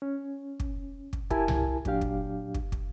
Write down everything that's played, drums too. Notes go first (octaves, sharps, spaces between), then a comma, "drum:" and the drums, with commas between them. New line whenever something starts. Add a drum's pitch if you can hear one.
C#4
drum: kick
drum: kick
E4 G4 A#4 G#5 A5, drum: kick
drum: tom C2
A#2 F#3 D4 G4 F5, drum: kick
drum: kick
drum: kick
drum: kick